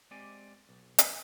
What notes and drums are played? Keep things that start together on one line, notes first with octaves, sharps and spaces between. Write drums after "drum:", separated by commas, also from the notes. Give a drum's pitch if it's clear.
G#3 C4 G4 D5 G#5
B1
drum: hi-hat